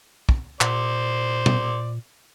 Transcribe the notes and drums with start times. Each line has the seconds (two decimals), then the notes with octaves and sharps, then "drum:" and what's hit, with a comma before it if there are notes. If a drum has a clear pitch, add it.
0.29 drum: kick
0.61 A#2 C5 D5, drum: clap
1.46 A#2, drum: tom